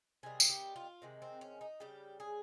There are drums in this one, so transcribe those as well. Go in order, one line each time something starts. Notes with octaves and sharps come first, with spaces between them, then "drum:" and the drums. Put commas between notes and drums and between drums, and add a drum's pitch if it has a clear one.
C3 D#3 G3 G#4
drum: tambourine
G4
F4
C3 D#3 G#3
C4
C#4
D#4
C#3 G3 G4
G#4